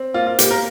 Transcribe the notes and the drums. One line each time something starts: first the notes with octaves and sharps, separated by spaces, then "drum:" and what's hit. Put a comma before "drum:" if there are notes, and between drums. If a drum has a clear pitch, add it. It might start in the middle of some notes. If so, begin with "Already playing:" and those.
Already playing: C4
A#3 F4
F4
A#3 G4, drum: hi-hat
A#4